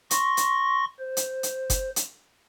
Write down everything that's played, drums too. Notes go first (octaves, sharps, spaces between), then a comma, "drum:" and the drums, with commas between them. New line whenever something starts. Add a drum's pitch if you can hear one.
C6 C#6 A#6, drum: hi-hat
drum: hi-hat
C5
drum: hi-hat
drum: hi-hat
drum: kick F#1, hi-hat
drum: hi-hat